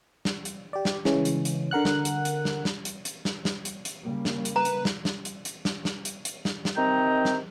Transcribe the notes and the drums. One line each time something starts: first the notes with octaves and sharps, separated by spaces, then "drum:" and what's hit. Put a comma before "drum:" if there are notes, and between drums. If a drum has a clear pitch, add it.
drum: snare
drum: hi-hat
G4 D5
drum: snare
C#3 E3 G#3 C#4, drum: snare
drum: hi-hat
drum: hi-hat
D3 A#4 F#5 F#6
drum: snare
drum: hi-hat
drum: hi-hat
drum: snare
drum: snare
drum: hi-hat
drum: hi-hat
drum: snare
drum: snare
drum: hi-hat
drum: hi-hat
C#3 G3 A#3
drum: snare
drum: hi-hat
B4 A#5
drum: hi-hat
drum: snare
drum: snare
drum: hi-hat
drum: hi-hat
drum: snare
drum: snare
drum: hi-hat
drum: hi-hat
drum: snare
drum: snare
C3 D#3 C4 D#5 G5 A#5
drum: snare